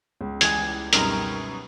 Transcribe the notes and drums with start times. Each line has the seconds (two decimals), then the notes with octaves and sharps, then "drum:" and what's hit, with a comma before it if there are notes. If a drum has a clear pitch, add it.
0.21 C#2
0.41 E2 G3 G#3 G#5 G#6, drum: hi-hat
0.93 F#2 B2 G3 C4 D#4 A#4, drum: hi-hat